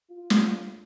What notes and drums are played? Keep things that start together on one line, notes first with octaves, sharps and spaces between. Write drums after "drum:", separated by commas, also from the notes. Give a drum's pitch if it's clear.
F4
drum: snare